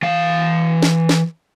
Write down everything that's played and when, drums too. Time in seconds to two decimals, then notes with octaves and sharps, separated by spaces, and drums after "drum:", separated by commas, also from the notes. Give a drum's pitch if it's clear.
0.02 E3 F5
0.82 drum: snare
1.09 drum: snare